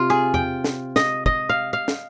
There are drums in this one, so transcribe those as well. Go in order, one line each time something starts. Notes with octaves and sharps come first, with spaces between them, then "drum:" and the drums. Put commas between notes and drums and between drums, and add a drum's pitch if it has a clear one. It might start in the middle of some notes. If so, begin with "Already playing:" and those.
Already playing: C3 F4
G#4
G5, drum: tom E2
drum: snare
D#5, drum: snare
D#5, drum: kick
F5
F5
drum: snare